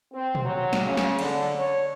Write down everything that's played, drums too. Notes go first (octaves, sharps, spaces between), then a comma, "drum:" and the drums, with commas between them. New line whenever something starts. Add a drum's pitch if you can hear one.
C4
drum: tom
F#3
drum: snare
C#3
drum: snare
D3, drum: cymbal
C#5